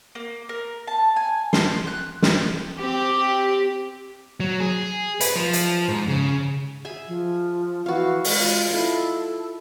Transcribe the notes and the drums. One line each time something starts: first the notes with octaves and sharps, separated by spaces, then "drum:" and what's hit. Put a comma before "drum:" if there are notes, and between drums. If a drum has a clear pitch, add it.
A#3
A#4
A5
G#5
C6, drum: snare
F#6
drum: snare
C4 G4
F#3
G#4
B4, drum: hi-hat
F3
drum: hi-hat
G#2
C#3
G#4 E5 G#5
F3
E3 F#4 F5
G#3, drum: open hi-hat
F4
E4 F4 A4 D#5